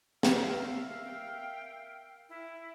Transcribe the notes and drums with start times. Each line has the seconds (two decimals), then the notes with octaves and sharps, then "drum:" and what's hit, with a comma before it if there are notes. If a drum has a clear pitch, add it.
0.23 A#4 E5 F5, drum: snare
1.05 G5
2.29 E4